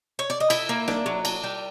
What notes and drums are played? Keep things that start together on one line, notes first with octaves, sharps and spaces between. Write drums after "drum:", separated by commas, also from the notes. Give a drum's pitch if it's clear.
C#5
D5
D#5
E4 E5, drum: cymbal
A#3
D4, drum: snare
F#3
D4, drum: cymbal
G3